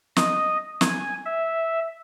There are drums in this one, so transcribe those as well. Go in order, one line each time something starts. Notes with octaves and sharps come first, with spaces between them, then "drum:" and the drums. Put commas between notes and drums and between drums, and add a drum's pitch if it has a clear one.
D#5, drum: snare
G#5, drum: snare
E5